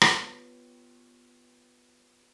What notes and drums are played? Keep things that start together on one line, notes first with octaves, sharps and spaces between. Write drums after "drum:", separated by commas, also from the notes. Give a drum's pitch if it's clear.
B3 F4 G4 B4 C#5, drum: rim click